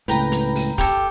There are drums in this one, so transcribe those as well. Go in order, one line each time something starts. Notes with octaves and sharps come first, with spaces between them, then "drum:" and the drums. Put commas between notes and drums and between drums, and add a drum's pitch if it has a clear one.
C#2 A2 B4 G5 A#5, drum: hi-hat
drum: hi-hat
drum: open hi-hat
G4 A4, drum: kick, hi-hat